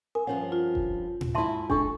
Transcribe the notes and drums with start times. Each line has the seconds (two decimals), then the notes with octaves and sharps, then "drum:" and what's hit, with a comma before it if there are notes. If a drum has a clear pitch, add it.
0.15 A#4 G#5
0.27 G2 F3 C#4 F#5
0.52 F4
0.75 drum: kick F1
1.21 drum: tom A#2
1.35 G#2 E4 E5 A5 C6
1.70 G#3 D4 A4 C#6, drum: kick F1